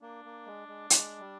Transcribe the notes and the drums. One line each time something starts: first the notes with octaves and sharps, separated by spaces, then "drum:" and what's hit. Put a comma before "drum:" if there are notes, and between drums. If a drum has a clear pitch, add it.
A#3 D4
A#3
G#3
G#3
G#3, drum: hi-hat
G3